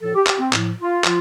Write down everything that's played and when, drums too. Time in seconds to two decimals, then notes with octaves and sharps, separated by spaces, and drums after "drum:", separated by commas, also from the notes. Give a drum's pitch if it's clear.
0.01 A2 F3 A4
0.14 G4
0.27 G4, drum: clap
0.39 C4
0.53 A2 F3, drum: clap
0.78 F4
1.04 F3 F4, drum: clap